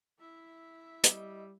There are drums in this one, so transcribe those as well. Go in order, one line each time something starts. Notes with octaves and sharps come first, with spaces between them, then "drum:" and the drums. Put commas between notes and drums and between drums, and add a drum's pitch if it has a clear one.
E4 E5
G3 D#5, drum: hi-hat